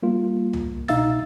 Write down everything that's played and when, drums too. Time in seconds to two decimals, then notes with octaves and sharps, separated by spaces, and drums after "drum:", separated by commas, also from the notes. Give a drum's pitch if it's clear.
0.03 G3 A#3 F4
0.53 drum: tom C2
0.88 B2 D#4 E5 F5 E6 A6, drum: snare